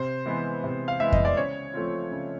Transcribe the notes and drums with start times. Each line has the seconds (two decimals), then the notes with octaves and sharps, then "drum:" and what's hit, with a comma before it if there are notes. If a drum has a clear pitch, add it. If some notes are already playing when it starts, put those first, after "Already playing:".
Already playing: C3 C5
0.26 E3 G#3 B3
0.64 C3
0.88 F5
1.00 E3 G#3 B3 E5
1.13 D#5, drum: kick F2
1.25 D5
1.37 C#3 C#5
1.74 F3 A3 C4 F4
2.11 C#3